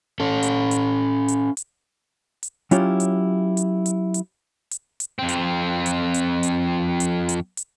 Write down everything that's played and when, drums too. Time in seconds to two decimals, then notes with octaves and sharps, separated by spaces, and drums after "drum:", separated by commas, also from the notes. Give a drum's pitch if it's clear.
0.20 C#4 A4
0.43 drum: hi-hat
0.71 drum: hi-hat
1.28 drum: hi-hat
1.57 drum: hi-hat
2.43 drum: hi-hat
2.71 F#3 C#4 E4 F4 G4, drum: hi-hat
3.00 drum: hi-hat
3.57 drum: hi-hat
3.86 drum: hi-hat
4.14 drum: hi-hat
4.71 drum: hi-hat
5.00 drum: hi-hat
5.19 F2 C4
5.29 drum: hi-hat
5.86 drum: hi-hat
6.14 drum: hi-hat
6.43 drum: hi-hat
7.00 drum: hi-hat
7.29 drum: hi-hat
7.57 drum: hi-hat